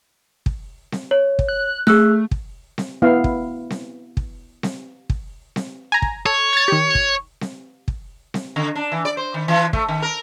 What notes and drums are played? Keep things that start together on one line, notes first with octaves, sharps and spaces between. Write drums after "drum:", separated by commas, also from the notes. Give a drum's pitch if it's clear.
drum: kick
drum: snare C4
C#5
drum: kick
F#6
A3 G#4 E6 F#6, drum: snare C4
drum: kick
drum: snare C4
B3 E4 F5
drum: kick
drum: snare C4
drum: kick
drum: snare C4
drum: kick
drum: snare C4
G#5 A#5
drum: kick
A4 C#5
G#6 A6
D#3 G4
drum: kick
drum: snare C4
drum: kick
drum: snare C4
D3
D4
E3
D5
C5
D#3
E3
A3, drum: kick
D#3
A#4